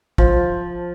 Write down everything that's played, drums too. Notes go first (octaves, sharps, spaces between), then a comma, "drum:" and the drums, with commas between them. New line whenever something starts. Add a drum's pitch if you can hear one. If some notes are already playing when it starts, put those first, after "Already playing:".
F3, drum: kick